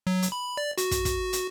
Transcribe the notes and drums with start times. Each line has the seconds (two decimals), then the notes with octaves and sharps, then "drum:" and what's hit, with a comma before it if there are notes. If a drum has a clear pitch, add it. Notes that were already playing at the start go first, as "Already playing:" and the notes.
0.07 F#3
0.22 drum: hi-hat
0.32 B5
0.57 D5
0.78 F#4, drum: hi-hat
0.91 drum: kick, hi-hat
1.05 drum: kick, hi-hat
1.33 drum: hi-hat